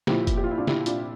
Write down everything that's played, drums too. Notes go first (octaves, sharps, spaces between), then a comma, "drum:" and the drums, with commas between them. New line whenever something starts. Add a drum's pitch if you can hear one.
A#2 F3 E4 G4, drum: snare
drum: kick F#1, hi-hat
G4
F4
E4
D4 F4
E4 G4, drum: snare
D4 F4, drum: hi-hat